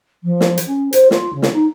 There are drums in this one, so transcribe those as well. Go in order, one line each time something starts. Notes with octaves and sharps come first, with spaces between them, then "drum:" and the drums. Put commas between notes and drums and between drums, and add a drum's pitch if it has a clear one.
F3
drum: snare
drum: hi-hat
C#4
C5, drum: hi-hat
F4, drum: snare
C#3
drum: snare
D#4